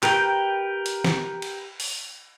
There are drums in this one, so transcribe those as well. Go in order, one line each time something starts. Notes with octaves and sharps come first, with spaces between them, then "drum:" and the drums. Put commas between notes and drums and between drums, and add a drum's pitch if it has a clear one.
G4 A#4 B4 G5, drum: clap
drum: hi-hat
drum: snare
drum: cymbal
drum: open hi-hat